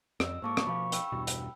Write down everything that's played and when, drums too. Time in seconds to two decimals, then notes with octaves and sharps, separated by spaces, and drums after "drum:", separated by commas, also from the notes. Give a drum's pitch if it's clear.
0.20 F2 D#5 E6, drum: rim click
0.42 G#2 A#3 C5 A5 C#6 D6
0.57 drum: rim click
0.67 B2 F3 F5 B5
0.92 G5 B5 E6, drum: hi-hat
1.12 E2 G2 B2
1.27 drum: hi-hat